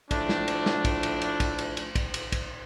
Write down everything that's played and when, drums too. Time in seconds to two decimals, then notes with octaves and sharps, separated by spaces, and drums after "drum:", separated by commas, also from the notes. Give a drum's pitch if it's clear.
0.11 A2 F3 A3 D4, drum: kick, cymbal
0.29 drum: snare
0.48 drum: cymbal
0.66 drum: snare
0.85 drum: kick, cymbal
1.03 drum: cymbal
1.22 drum: cymbal
1.40 drum: kick, cymbal
1.58 drum: cymbal
1.77 drum: cymbal
1.95 drum: kick, cymbal
2.14 drum: cymbal
2.32 drum: kick, cymbal